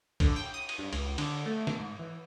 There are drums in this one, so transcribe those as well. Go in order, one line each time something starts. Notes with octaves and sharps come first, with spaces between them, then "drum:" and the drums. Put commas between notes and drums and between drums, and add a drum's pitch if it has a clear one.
D3, drum: kick, cymbal
G5
D#6
drum: cymbal
G2
C#2, drum: cymbal
D3, drum: cymbal
A3
drum: snare
G#2
E3